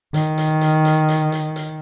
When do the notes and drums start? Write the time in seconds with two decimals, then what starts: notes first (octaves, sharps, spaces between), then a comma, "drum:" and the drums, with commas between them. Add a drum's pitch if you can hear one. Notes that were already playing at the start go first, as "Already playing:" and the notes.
0.14 D#3, drum: hi-hat
0.38 drum: hi-hat
0.61 drum: hi-hat
0.85 drum: hi-hat
1.09 drum: hi-hat
1.32 drum: hi-hat
1.56 drum: hi-hat